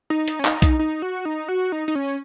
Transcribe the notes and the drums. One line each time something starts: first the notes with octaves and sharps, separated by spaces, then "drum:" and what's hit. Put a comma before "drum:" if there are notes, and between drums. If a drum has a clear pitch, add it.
D#4
drum: hi-hat
C#4
D#4, drum: clap
drum: kick B1, hi-hat
D#4
F#4
D#4
F#4
D#4
D#4
C#4